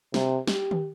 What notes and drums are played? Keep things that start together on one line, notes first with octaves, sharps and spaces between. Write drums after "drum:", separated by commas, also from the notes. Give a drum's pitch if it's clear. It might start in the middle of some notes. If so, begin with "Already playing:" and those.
C3, drum: snare
G4, drum: snare
drum: tom D#3